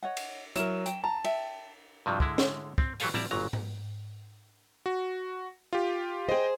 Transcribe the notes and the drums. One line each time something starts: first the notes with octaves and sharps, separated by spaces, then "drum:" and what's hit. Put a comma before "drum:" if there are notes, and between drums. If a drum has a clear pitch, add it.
C#5 D#5 F#5
drum: cymbal
F#3 E4 A#4 E7, drum: hi-hat
G5, drum: hi-hat
A5 A#5
E5 G5, drum: cymbal
G2 C3 F3 F#3
D3 G#3 E4, drum: kick
drum: snare
C4, drum: kick
E3 F#3 G4 A4 F5 G#5, drum: open hi-hat
G3 E4 D5 A5 A#5, drum: tom A2
G1 A#2 F#3 A#5
drum: tom G#2
F#4
F4 G4
G#4 C5 D#5 G5